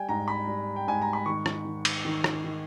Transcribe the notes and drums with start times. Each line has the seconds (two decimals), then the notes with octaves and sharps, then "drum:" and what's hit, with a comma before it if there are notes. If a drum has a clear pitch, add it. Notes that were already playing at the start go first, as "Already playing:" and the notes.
Already playing: G3 G5 G#5
0.09 G#2 A#5
0.28 B5
0.47 G3
0.76 G5
0.87 G#2 G#5
1.02 A#5
1.13 B5
1.26 D#3 C#6
1.46 drum: rim click
1.65 D#3
1.85 drum: cymbal
2.05 D#3
2.24 drum: rim click
2.44 D#3